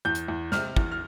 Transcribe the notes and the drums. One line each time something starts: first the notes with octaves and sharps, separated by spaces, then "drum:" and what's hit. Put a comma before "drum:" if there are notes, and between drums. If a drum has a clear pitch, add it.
E2 G6
drum: hi-hat
E2
C3 F6, drum: snare
E2, drum: kick
F6